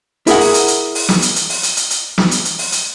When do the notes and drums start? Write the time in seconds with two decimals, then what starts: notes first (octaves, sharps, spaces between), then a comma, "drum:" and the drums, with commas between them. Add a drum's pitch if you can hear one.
0.27 E4 G#4 A#4 F#5, drum: hi-hat
0.40 drum: open hi-hat
0.54 drum: hi-hat
0.68 drum: hi-hat
0.95 drum: open hi-hat
1.09 drum: snare
1.22 drum: hi-hat
1.36 drum: hi-hat
1.49 drum: open hi-hat
1.63 drum: hi-hat
1.77 drum: hi-hat
1.90 drum: hi-hat
2.18 drum: snare
2.31 drum: hi-hat
2.45 drum: hi-hat
2.59 drum: open hi-hat
2.72 drum: hi-hat